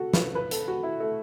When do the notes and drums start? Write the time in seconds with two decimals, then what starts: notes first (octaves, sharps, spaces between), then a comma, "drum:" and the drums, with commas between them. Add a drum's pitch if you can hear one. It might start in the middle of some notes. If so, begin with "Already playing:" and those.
Already playing: F#4 A4
0.14 B4, drum: snare
0.35 B4
0.51 A4, drum: hi-hat
0.68 F#4
0.83 E4
1.00 A3